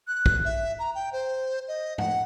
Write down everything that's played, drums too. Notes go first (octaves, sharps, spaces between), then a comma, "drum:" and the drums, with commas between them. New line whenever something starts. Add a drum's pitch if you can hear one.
F#6
drum: kick
E5
A#5
G5
C5
D#5
F#5, drum: tom G#2